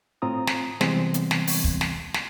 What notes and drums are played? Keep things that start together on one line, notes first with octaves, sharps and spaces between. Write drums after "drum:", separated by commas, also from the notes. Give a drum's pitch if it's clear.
A2 C4 F4 A#5 D#6
drum: snare
C3 E3 G3 G#3 B3 C4, drum: snare
drum: hi-hat
drum: snare
drum: open hi-hat
drum: kick
drum: snare
drum: snare